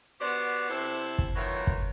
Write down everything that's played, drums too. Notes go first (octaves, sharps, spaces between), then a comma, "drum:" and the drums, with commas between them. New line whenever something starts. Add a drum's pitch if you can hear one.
B3 F#4 G4 C5 D5
C3 E4 A4 C5
drum: kick
D#3 F#3 B3 E4 F4 C#5
drum: kick